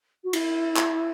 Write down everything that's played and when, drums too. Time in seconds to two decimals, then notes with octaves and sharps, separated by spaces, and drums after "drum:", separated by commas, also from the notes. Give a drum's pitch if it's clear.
0.24 F#4
0.33 E4, drum: cymbal
0.77 drum: clap